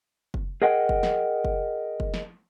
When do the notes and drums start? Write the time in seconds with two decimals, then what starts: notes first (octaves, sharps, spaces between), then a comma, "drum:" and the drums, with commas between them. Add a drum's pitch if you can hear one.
0.34 drum: kick
0.62 G#4 A#4 D#5 F#5 G5
0.89 drum: kick
1.03 drum: snare
1.45 drum: kick
2.00 drum: kick
2.14 drum: snare